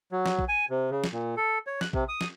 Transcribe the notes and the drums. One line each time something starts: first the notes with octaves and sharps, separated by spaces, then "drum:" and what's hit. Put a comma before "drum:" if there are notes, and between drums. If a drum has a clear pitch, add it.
F#3
drum: snare
drum: kick A#1
G#5
C3
C#3
drum: snare
A#2
A4
C#5
F#6, drum: snare
C3, drum: kick A#1
D#6
drum: snare